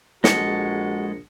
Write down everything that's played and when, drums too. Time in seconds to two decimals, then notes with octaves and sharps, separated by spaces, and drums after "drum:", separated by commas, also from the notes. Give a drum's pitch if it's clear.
0.24 A#1 G#3 F#4 A4 A#6 C#7, drum: snare